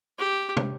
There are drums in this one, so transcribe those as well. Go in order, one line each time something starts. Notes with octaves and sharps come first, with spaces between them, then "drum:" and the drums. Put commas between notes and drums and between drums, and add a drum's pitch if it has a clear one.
G4
drum: tom